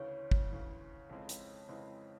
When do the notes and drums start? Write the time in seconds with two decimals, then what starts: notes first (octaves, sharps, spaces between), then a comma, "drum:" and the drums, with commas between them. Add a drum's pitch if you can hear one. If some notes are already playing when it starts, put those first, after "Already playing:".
Already playing: D2 C#3 E3 C#5
0.31 drum: kick
0.50 D2 C#3 E3
1.09 F2 C#3 E3 G#3 C4
1.29 drum: hi-hat
1.69 F2 C#3 E3 G#3 C4